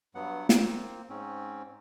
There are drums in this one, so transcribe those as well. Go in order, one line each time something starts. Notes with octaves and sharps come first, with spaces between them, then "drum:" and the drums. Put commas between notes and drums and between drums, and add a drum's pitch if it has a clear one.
G2 F#3 B3 F#5
A#3 C4, drum: snare
G#2 C4 C#4